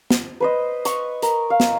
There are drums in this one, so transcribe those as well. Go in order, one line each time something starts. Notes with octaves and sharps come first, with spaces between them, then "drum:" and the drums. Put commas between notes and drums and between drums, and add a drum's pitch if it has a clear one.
drum: snare
B4 C5 D#5
C#6, drum: hi-hat
A#4, drum: hi-hat
F5
drum: snare